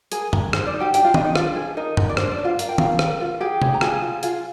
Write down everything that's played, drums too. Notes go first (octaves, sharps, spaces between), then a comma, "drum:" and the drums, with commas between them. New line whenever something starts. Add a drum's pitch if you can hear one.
G#4 A#4 G#5, drum: hi-hat
A#4, drum: tom
D#4 C5, drum: rim click
D5
D#4
G4 G5
D4 G4 G5, drum: hi-hat
F4 F5
D4 D#4 D#5, drum: tom
D#4 D#5
D4 F4 F5, drum: rim click
G#4
D#4 A#4 D#5
A#4, drum: tom
D5
D4 C5, drum: rim click
D5
D4
F4 F5
A#4 F5, drum: hi-hat
G5
F4 A#4 F5, drum: tom
A#4, drum: rim click
F4
G4 G#4 G5
G#4, drum: tom
A#5
F4 G#4 G#5, drum: rim click
F4
F4 G#4 F5, drum: hi-hat